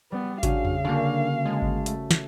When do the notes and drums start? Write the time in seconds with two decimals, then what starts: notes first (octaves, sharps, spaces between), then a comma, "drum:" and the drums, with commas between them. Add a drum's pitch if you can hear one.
0.12 G3 B3
0.43 C#3 D4 F#4 F5, drum: kick G#1, hi-hat
0.65 drum: tom E2
0.85 D3 A#3 C#4 D4 F#4 A#4
1.46 G#3 A5
1.62 drum: kick G#1
1.86 A3, drum: hi-hat
2.11 drum: snare